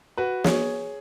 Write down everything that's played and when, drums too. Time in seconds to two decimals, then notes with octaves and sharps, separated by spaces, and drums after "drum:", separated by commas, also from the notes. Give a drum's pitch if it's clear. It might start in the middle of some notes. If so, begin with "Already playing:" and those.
0.17 F#4 B4
0.44 G#4 C#5, drum: snare